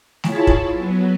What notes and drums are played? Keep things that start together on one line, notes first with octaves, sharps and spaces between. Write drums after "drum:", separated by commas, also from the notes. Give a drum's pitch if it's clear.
E4 F4 G#4 C#5 A5 B5, drum: snare A3
drum: kick
F#3 B3